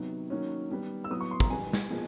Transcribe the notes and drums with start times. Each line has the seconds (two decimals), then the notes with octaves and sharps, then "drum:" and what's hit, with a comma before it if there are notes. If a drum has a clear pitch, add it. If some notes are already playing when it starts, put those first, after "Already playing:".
Already playing: C3 D#3 F#3 B3
0.30 D#3 F#3 A#3 C#4
0.70 D#3 G3 B3
1.04 E6
1.10 A2 F#3 B3 D#6
1.20 C#6
1.31 C6
1.40 A#5, drum: kick
1.50 B2 G3 B3 G#5
1.73 drum: snare
1.90 A#2 F3 G#3 B3